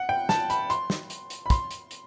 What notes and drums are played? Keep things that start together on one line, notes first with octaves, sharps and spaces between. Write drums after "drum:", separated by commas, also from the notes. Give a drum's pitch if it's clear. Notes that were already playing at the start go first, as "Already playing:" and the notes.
Already playing: F#5
G5
A5, drum: snare
B5, drum: hi-hat
C6, drum: hi-hat
drum: snare
drum: hi-hat
drum: hi-hat
B5
C6, drum: kick, hi-hat
drum: hi-hat
drum: hi-hat